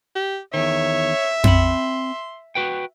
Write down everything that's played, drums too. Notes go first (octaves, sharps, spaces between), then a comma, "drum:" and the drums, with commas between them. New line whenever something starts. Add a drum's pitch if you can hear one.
G4
E2 D#3 C#5 E5
C4 B5 C6, drum: tom F2
F#4 B4 G5